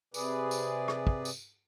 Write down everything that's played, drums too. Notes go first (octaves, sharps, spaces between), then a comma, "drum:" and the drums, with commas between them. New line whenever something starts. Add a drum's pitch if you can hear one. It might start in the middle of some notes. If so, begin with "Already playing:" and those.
C3 G#4 B4 D5, drum: tambourine
drum: tambourine
drum: rim click
drum: kick
drum: tambourine